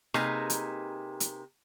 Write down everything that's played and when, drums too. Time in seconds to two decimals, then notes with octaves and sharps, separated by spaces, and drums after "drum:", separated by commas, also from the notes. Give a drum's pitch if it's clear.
0.14 C3 A#3 D#4 G#4 B4, drum: rim click
0.50 drum: hi-hat
1.20 drum: hi-hat